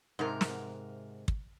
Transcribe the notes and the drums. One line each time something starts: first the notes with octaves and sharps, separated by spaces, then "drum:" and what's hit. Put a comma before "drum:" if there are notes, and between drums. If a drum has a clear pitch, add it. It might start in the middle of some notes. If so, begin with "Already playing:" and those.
G#2 C3 A#4
drum: snare
drum: kick